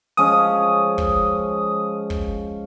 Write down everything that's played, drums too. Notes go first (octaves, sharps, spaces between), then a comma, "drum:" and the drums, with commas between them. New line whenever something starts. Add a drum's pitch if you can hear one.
F3 G#3 C#4 D#6, drum: open hi-hat
drum: kick
drum: kick